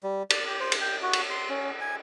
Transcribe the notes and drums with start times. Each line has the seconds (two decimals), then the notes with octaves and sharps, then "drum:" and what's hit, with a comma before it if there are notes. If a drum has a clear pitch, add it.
0.03 G3
0.30 D5, drum: cymbal
0.47 G4
0.60 C5
0.72 drum: cymbal
0.81 G5
1.03 F#4
1.13 drum: cymbal
1.30 C6
1.49 C#4
1.81 G#5